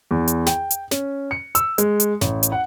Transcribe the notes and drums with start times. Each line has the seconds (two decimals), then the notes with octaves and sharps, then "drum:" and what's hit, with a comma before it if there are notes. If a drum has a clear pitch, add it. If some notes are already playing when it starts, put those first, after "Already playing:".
0.11 E2
0.28 drum: hi-hat
0.46 G5, drum: snare
0.71 drum: hi-hat
0.91 C#4, drum: snare
1.31 C#7
1.55 E6, drum: hi-hat
1.78 G#3, drum: hi-hat
2.00 drum: hi-hat
2.21 A1, drum: snare
2.43 drum: hi-hat
2.52 F#5